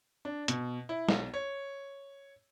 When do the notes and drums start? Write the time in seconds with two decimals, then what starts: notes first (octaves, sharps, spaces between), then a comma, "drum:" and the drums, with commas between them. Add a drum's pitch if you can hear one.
0.25 D4
0.48 B2, drum: hi-hat
0.89 E4
1.09 B1, drum: snare
1.34 C#5